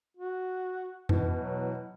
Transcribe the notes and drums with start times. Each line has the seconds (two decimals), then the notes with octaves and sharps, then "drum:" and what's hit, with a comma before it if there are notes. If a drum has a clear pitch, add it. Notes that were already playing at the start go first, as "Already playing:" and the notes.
0.17 F#4
1.09 B2 E3, drum: tom F2
1.36 F#3